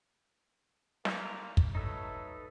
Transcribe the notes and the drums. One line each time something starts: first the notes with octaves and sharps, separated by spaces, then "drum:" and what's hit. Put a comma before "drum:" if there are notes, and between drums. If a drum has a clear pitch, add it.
G#1 A3 A#3, drum: snare
drum: kick
F#3 A3 D#4 A4 B4